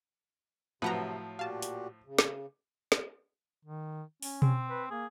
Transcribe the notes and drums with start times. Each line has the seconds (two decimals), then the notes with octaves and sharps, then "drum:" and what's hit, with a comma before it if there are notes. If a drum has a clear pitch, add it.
0.82 A2 C3 F3 F#3 B4 F#5 A#5
1.39 A#2 F#4 G4 F5 A5
1.62 drum: hi-hat
2.06 C#3
2.19 drum: snare
2.92 drum: snare
3.65 D#3
4.22 C#4, drum: open hi-hat
4.42 C4, drum: tom B2
4.69 B4
4.91 A#3 G#4